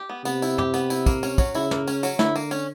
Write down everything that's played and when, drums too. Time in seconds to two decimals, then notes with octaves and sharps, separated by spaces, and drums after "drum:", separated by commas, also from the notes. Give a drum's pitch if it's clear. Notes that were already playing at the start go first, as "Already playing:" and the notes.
Already playing: G4
0.09 B3
0.25 C3 B3, drum: tambourine
0.42 E4, drum: tambourine
0.58 G4, drum: tom
0.74 B3, drum: tambourine
0.90 E4, drum: tambourine
1.06 A#3, drum: kick, tambourine
1.23 C#4, drum: tambourine
1.38 F#3, drum: kick, tambourine
1.54 C#3 E4, drum: tambourine
1.71 A#3, drum: snare
1.87 C#4, drum: tambourine
2.03 F#3, drum: tambourine
2.19 D3 E4, drum: snare
2.36 A#3, drum: tambourine
2.51 C#4, drum: tambourine